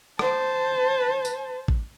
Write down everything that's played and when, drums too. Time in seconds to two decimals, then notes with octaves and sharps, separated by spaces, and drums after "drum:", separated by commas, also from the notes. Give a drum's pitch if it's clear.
0.19 C5 A5, drum: rim click
1.25 drum: tambourine
1.68 drum: kick A1